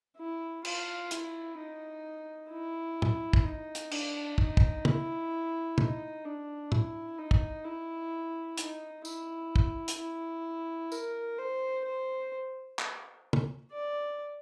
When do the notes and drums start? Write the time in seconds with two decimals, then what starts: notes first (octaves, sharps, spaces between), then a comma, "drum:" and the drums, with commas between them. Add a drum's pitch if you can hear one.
0.17 E4
0.65 F4, drum: cymbal
1.11 E4, drum: hi-hat
1.58 D#4
2.51 E4
3.02 drum: tom
3.33 drum: kick
3.44 D#4
3.75 drum: hi-hat
3.91 D4, drum: cymbal
4.38 D#4, drum: kick
4.57 drum: kick
4.85 E4, drum: tom
5.78 D#4, drum: tom
6.25 D4
6.72 E4, drum: tom
7.19 D#4
7.31 drum: kick
7.65 E4
8.57 D#4, drum: hi-hat
9.05 E4, drum: tambourine
9.56 drum: kick
9.88 drum: hi-hat
9.98 E4
10.92 A#4, drum: tambourine
11.38 C5
11.85 C5
12.79 drum: clap
13.33 drum: tom
13.72 D5